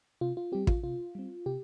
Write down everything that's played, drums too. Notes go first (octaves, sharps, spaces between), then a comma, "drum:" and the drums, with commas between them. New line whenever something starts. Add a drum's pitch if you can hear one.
C3 F4
F4
G3 C4 G4
F4, drum: kick
C3 F4
G3 C4
C3 G4